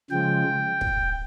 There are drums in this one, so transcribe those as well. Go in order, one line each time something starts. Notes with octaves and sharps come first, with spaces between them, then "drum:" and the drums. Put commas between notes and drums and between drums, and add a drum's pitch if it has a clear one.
C#3 F3 G#3 G5
drum: kick